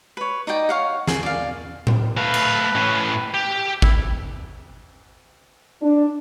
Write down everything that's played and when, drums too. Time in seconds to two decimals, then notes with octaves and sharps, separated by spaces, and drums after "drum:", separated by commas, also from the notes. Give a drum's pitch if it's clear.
0.17 B4 C#5
0.47 D#4 D5 D#5 G5
0.69 C#5 F5 F#5
1.07 G#4, drum: snare
1.23 D5 F5
1.87 drum: tom A2
2.17 A3 B4 F5
2.34 drum: cymbal
2.75 A2 C#4
3.34 G4
3.82 E4, drum: kick G#1
5.82 D4